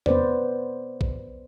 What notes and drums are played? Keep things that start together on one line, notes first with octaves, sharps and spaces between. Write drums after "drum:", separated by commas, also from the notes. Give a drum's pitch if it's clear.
B3 B4 C5 D5, drum: tom E2
drum: kick